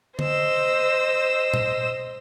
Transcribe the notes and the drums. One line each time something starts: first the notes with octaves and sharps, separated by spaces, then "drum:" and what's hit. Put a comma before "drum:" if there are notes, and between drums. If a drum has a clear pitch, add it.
C5 D#5 E6, drum: tom
drum: tom A#2